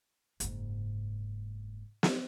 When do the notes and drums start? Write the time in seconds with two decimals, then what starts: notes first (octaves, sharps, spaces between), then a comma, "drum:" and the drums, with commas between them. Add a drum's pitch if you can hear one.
0.40 F#1 G#2, drum: hi-hat
2.03 drum: snare